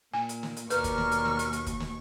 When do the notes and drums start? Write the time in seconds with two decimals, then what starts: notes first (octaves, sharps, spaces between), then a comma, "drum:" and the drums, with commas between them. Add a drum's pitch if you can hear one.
0.14 A#2 G#5
0.29 drum: hi-hat
0.43 drum: snare
0.57 drum: hi-hat
0.70 D#2 B2 A#4 B4 D5 C#6 F6, drum: hi-hat
0.84 drum: kick, hi-hat
0.98 drum: snare
1.12 drum: hi-hat
1.25 drum: snare
1.39 drum: hi-hat
1.53 drum: hi-hat
1.67 drum: kick, hi-hat
1.80 drum: snare